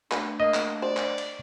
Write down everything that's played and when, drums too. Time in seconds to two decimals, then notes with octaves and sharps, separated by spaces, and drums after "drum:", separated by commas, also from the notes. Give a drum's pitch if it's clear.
0.11 A3 D4 B4, drum: clap
0.40 A#3 D#5
0.54 drum: clap
0.82 C5 D5
0.97 drum: clap
1.18 drum: cymbal